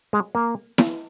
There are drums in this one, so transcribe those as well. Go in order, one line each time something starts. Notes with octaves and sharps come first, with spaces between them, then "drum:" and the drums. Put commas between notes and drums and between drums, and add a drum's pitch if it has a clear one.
G#3
A#3
drum: snare E4